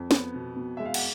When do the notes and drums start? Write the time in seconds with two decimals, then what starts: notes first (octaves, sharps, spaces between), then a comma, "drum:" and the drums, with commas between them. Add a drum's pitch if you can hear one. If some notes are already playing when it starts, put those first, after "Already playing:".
Already playing: F2
0.11 B3, drum: snare
0.34 B2
0.56 B2
0.77 G#3 E5
0.85 F5
0.94 F#5, drum: cymbal